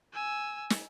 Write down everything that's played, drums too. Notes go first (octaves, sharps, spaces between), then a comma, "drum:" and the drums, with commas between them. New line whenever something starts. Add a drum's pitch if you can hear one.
G#5 E6
drum: snare